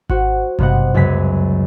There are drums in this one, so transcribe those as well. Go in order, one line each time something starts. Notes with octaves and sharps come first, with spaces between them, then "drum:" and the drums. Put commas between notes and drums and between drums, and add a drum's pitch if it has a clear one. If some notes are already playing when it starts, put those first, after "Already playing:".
F#4 C5 F#5, drum: kick G#1
G2 C3 B3 C5 D#5 F#5, drum: kick G#1
C#2 F#2 G#5 B6